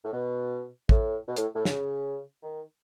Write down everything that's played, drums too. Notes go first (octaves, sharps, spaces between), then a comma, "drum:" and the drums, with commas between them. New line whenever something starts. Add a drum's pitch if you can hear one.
A2
B2
A2, drum: kick
B2
A2, drum: hi-hat
A2
C#3, drum: snare
D#3